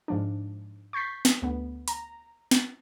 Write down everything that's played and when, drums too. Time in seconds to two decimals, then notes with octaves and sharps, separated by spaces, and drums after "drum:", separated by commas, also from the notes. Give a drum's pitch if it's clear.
0.08 G#2 F3 D4
0.93 C#6 G6 A6 B6 C7
1.25 drum: snare
1.42 D2 B3
1.88 A#5, drum: hi-hat
2.51 drum: snare